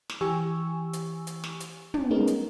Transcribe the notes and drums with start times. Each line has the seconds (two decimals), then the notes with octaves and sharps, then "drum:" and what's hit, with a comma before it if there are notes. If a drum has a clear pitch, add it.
0.10 drum: snare
0.21 E3 G4 G#5 C#6 E6
0.93 drum: hi-hat
1.27 drum: hi-hat
1.44 drum: snare
1.60 drum: hi-hat
1.94 drum: tom
2.11 B3 C#4 D#4 G#4 A#4
2.27 drum: hi-hat